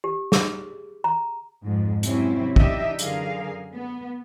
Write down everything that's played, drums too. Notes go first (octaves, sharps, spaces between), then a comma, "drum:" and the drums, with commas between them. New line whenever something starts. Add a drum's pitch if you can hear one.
G4
G#4, drum: snare
A#5
F2 G#2
G#2 C3 F#3 C4 C#4 E4, drum: hi-hat
E3 D4 D#4 G4 D#5 E5, drum: kick
F#2 D3 G#4 A#4 F5, drum: hi-hat
B3